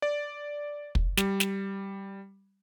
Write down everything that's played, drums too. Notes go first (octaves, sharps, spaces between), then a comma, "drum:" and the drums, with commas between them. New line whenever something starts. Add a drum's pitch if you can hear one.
D5
drum: kick
G3, drum: snare
drum: snare